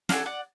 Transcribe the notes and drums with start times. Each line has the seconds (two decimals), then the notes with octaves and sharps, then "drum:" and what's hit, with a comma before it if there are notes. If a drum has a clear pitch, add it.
0.09 D4 F#4 A4 F5 G#5, drum: snare
0.26 D5 F#5